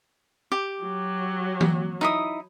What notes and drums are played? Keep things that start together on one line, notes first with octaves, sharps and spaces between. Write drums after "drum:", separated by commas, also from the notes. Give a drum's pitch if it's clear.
G4
F#3
drum: tom E3
D#4 E4 D#6